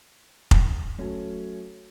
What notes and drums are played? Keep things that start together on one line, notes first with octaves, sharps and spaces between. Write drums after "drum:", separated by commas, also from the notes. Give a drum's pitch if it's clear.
drum: kick F1
F#3 A3 C#4